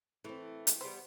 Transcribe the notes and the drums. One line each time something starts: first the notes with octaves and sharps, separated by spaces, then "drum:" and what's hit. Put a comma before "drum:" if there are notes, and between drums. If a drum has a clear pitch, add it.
E3 A3 C4 E4
drum: hi-hat
G3 B3 C5